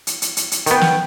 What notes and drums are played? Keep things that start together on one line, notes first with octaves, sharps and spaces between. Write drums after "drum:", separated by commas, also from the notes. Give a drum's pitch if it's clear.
drum: hi-hat
drum: hi-hat
drum: hi-hat
drum: hi-hat
D#3 B3 G5, drum: hi-hat
drum: snare